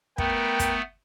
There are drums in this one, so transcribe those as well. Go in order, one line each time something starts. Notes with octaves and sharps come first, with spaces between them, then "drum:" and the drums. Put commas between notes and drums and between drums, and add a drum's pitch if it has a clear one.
A3 B3 A#4 B4 G5, drum: kick
drum: kick, hi-hat